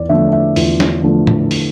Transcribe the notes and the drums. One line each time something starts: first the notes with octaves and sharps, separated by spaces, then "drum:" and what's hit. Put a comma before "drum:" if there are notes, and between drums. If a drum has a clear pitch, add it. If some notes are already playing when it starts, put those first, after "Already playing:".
Already playing: E2 D5
D3 F3 A3 E5
E5
E2 F4, drum: open hi-hat
drum: snare
D3 F3 A3
drum: tom A2
drum: open hi-hat